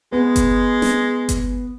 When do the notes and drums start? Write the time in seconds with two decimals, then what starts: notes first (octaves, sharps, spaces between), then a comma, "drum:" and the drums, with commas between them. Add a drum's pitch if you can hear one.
0.12 G#3 B3
0.36 drum: kick G1, hi-hat
0.82 drum: snare
1.29 drum: kick G1, hi-hat